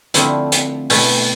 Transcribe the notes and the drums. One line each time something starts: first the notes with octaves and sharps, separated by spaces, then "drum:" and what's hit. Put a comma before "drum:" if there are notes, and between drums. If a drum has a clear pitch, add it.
D3 F3 A3 C4 E4, drum: hi-hat
drum: hi-hat
B2 A3 E4, drum: open hi-hat